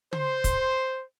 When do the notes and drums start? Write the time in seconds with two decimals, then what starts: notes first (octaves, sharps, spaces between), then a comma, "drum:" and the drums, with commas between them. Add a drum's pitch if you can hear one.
0.13 C5, drum: tom
0.44 drum: kick, hi-hat